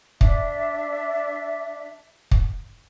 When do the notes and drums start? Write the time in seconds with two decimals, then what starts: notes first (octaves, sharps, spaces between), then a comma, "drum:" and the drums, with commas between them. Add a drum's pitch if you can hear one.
0.21 D4 E5, drum: kick
2.31 drum: kick